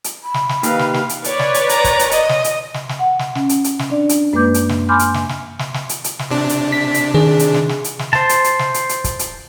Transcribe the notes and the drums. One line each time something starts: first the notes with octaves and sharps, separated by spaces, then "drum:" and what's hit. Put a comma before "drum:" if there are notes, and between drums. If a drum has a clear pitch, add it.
drum: hi-hat
B5
drum: snare
drum: snare
D#2 B4 F5, drum: hi-hat
drum: snare
drum: snare
drum: hi-hat
B4 C#5 D5, drum: hi-hat
drum: snare
drum: hi-hat
A#5, drum: hi-hat
drum: kick, hi-hat
drum: hi-hat
D#5, drum: hi-hat
drum: snare
drum: hi-hat
drum: snare
drum: snare
F#5
drum: snare
C#4, drum: snare
drum: hi-hat
drum: hi-hat
drum: snare
D4 D5
drum: hi-hat
F#2 G#3 A#3 B4 D6 G6
drum: hi-hat
drum: snare
G#5 B5 C6 D6 F6 G6
drum: hi-hat
drum: snare
drum: snare
drum: snare
drum: snare
drum: hi-hat
drum: hi-hat
drum: snare
C3 D4
drum: hi-hat
B6
drum: hi-hat
D#3 G#4
drum: hi-hat
drum: snare
drum: snare
drum: hi-hat
drum: snare
C5 A5, drum: snare
drum: hi-hat
drum: hi-hat
drum: snare
drum: hi-hat
drum: hi-hat
drum: kick, hi-hat
drum: hi-hat